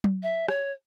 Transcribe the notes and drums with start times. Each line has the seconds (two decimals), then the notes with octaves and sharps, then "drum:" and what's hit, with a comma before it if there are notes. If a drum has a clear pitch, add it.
0.04 drum: tom F#3
0.23 E5
0.48 C#5, drum: rim click